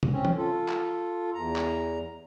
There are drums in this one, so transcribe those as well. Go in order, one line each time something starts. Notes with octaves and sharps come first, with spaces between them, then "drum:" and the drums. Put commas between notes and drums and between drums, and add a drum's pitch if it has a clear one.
drum: tom
C4 C#4
drum: tom E3
F4 A4
drum: clap
E2 A#5
drum: clap